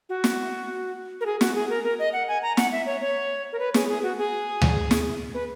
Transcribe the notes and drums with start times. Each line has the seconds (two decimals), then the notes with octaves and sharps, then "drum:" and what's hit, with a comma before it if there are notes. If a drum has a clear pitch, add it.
0.09 F#4
0.24 drum: snare
1.21 A#4
1.26 G#4
1.41 F#4, drum: snare
1.55 G#4
1.70 A#4
1.84 A#4
1.99 D#5
2.13 F#5
2.28 G#5
2.43 A#5
2.57 F#5, drum: snare
2.72 E5
2.86 C#5
3.01 C#5
3.53 A#4
3.59 B4
3.74 G#4, drum: snare
3.88 G#4
4.03 F#4
4.18 G#4
4.62 drum: tom D2
4.91 drum: snare
5.34 B4